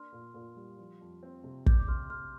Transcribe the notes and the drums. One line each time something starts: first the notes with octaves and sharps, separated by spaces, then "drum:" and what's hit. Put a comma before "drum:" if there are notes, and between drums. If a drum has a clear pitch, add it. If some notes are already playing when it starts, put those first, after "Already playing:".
Already playing: A#3 D4 C6 F6
A#2
A#2
G3
F3
F2
C4
C3
D4 D6 G6, drum: kick
D6
C3 C6 F6
C3 C6 F6